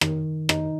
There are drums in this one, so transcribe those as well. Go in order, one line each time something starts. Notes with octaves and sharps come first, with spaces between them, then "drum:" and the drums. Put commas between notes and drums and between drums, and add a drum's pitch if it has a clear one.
D#3, drum: rim click
D#4, drum: rim click